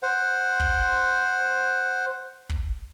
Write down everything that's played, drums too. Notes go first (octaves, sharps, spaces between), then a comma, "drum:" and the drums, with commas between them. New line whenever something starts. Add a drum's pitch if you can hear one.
C5 F#5
drum: kick
drum: kick